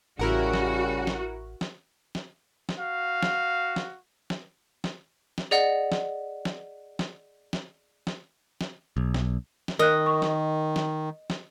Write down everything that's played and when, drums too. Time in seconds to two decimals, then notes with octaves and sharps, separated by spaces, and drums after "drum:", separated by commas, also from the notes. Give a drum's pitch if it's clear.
0.19 A1 C#3 G3 E4 F#4 A#4 F#5
0.53 drum: snare
1.07 drum: snare
1.61 drum: snare
2.15 drum: snare
2.69 drum: snare
2.79 F#4 F5
3.23 drum: snare
3.76 drum: snare
4.30 drum: snare
4.84 drum: snare
5.38 drum: snare
5.51 G#4 D5 D#5 F#5
5.92 drum: snare
6.45 drum: snare
6.99 drum: snare
7.53 drum: snare
8.07 drum: snare
8.61 drum: snare
8.97 B1
9.14 drum: snare
9.68 drum: snare
9.79 D#3 A#4 D#5 F#6
10.06 C#6
10.22 drum: snare
10.76 drum: snare
11.30 drum: snare